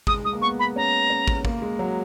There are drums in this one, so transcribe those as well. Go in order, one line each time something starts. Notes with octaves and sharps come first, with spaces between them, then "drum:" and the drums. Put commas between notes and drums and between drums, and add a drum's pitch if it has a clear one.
G#3 D#6, drum: kick
G#3 D#6
A#3
B3 C#6
B5
C#4 A#5
C#4
drum: kick
A#3, drum: kick
G#3
F#3